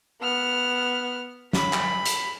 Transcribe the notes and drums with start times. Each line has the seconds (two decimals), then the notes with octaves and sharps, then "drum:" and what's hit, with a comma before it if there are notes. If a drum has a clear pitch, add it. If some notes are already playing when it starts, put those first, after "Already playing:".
0.21 B3 F6
1.53 B5, drum: snare
1.73 drum: clap
2.06 drum: hi-hat